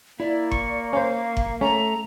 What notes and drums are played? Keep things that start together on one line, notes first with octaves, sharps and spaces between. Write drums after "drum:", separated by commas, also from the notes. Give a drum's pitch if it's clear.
A#3 E4 D5
C#6, drum: kick F#1
C#4 C5 F5
drum: kick F#1
A3 C#4 A#5